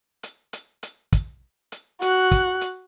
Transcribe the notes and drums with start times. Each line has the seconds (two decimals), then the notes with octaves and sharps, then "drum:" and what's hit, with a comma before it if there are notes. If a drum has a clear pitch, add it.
0.23 drum: hi-hat
0.53 drum: hi-hat
0.83 drum: hi-hat
1.12 drum: kick, hi-hat
1.72 drum: hi-hat
2.02 F#4 F#6, drum: hi-hat
2.31 drum: kick, hi-hat
2.61 drum: hi-hat